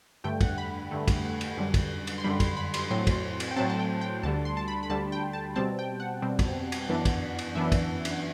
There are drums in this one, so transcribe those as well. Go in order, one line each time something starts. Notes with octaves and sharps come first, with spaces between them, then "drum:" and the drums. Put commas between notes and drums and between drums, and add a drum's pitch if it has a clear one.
G2 D3 A3 G5
F#5, drum: kick, cymbal
B5
G2 D3 A3
drum: kick, cymbal
drum: cymbal
F#2 D3 G3
drum: kick, cymbal
drum: cymbal
C6
F#2 D3 G3 B5
C6, drum: kick, cymbal
B5
C6, drum: cymbal
A2 F#3 C4 C6
drum: kick, cymbal
drum: cymbal
G5
A2 F#3 C4 A5
A5
G5
G5
D2 D3 G3 A5
C6
A5
B5
B5
D2 D3 G3 A5
G5
A5
B2 G3 C4 A5
G5
F#5
B2 G3 C4
drum: kick, cymbal
drum: cymbal
F#2 E3 B3 D4
drum: kick, cymbal
drum: cymbal
F#2 E3 B3 D4 E5
drum: kick, cymbal
drum: cymbal